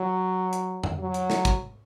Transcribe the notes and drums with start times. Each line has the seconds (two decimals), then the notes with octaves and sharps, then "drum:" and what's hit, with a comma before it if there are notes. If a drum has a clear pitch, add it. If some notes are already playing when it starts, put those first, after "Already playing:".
Already playing: F#3
0.53 drum: hi-hat
0.84 drum: tom F2
0.99 F#3
1.14 drum: hi-hat
1.30 drum: snare
1.45 drum: kick, hi-hat